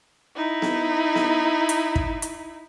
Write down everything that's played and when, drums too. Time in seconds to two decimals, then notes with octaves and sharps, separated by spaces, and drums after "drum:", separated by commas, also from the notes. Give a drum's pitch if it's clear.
0.35 D#4 E4
0.62 drum: snare B3
1.16 drum: snare B3
1.69 drum: hi-hat
1.96 drum: kick
2.22 drum: hi-hat